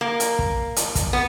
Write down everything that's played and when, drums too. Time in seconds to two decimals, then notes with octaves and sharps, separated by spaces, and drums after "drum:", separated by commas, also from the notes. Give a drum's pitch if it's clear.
0.01 A#3
0.20 drum: hi-hat
0.39 drum: kick
0.76 drum: hi-hat
0.95 drum: kick, hi-hat
1.13 B3